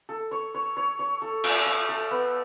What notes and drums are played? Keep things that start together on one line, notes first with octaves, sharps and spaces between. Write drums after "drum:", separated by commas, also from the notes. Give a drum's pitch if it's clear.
A4
C#5
C#5
C#5
C#5
A4
E5, drum: cymbal
C#5
A4
B3